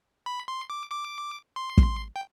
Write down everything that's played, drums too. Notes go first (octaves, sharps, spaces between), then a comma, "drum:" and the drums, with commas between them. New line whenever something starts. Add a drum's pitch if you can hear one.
B5
C6
D6
D6
C6
drum: kick
G5